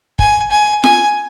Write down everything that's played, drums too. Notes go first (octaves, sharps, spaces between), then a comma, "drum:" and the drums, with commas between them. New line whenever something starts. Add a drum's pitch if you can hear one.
G#5, drum: kick
G#5
G#5, drum: snare F4